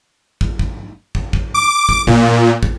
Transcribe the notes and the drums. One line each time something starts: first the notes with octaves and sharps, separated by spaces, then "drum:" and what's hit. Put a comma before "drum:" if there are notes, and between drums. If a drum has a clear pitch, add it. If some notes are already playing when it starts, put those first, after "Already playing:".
drum: kick
drum: kick
drum: kick
drum: kick
D6
drum: kick
A#2, drum: kick
drum: kick